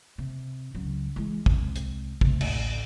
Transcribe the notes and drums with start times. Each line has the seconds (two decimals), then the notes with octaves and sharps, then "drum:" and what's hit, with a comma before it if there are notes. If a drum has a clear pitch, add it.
0.18 C3
0.75 C#2 F#3
1.16 E3 G#3
1.46 C2 G#3, drum: kick
1.76 drum: hi-hat
2.21 C3 A3, drum: kick
2.41 A1 D2, drum: cymbal